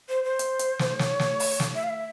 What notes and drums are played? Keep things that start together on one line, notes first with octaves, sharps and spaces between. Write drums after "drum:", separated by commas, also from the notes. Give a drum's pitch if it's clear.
C5
C5
drum: hi-hat
drum: hi-hat
drum: snare
C#5, drum: snare
drum: snare
drum: open hi-hat
drum: snare
E5
F5
E5